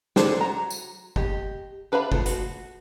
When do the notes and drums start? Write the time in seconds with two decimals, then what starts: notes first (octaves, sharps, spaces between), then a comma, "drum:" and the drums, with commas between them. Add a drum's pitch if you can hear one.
0.16 G#3 D4 G#4 A4 C5, drum: snare
0.36 F#3 A#5
0.70 drum: tambourine
1.16 G4 D#5, drum: kick
1.92 D4 B4 E5 F5 B5
2.12 F3 G#3 A3 F4, drum: kick
2.26 F#4, drum: hi-hat